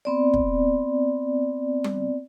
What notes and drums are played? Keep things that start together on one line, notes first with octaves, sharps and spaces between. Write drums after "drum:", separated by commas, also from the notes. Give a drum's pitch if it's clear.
B3 C4 D5
drum: kick
drum: tom G3